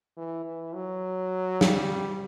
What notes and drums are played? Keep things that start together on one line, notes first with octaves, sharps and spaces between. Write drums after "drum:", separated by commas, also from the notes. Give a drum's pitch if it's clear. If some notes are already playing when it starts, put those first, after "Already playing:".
E3
E3
F#3
G3, drum: snare